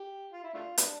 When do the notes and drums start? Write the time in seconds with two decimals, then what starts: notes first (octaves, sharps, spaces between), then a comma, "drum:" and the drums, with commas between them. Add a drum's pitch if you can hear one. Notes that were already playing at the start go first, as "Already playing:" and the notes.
Already playing: G4
0.32 F4
0.43 E4
0.54 A3 D4 F4
0.78 G3 B3 D4, drum: hi-hat